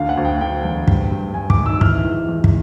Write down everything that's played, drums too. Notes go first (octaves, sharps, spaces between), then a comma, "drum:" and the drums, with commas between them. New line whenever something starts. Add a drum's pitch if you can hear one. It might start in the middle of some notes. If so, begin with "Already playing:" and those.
Already playing: D2 D3 F5
F#5
D2
G5
D3 G5
E1
G2, drum: kick
G2
G2 G#5
D6, drum: kick
G#1
E6
E3 F6, drum: kick
E2
E2
drum: kick